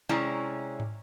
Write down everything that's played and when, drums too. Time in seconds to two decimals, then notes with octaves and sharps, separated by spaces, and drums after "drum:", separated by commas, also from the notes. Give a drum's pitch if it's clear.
0.09 C3 G#3 C#4 E4 D5 A#5
0.80 drum: tom G#2